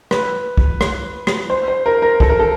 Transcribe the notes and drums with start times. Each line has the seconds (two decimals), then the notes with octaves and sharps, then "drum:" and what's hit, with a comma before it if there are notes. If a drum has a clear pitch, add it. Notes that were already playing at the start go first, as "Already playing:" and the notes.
0.11 B4, drum: rim click
0.57 drum: kick
0.81 drum: rim click
1.27 drum: rim click
1.50 C5
1.68 C5
1.86 A#4
2.02 A#4
2.20 A4, drum: kick
2.29 A#4
2.39 A4